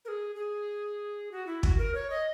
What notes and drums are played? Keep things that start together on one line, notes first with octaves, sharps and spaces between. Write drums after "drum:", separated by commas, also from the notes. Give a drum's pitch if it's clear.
A#4
G#4
G#4
F#4
E4
F#4, drum: kick
A#4
C#5
D#5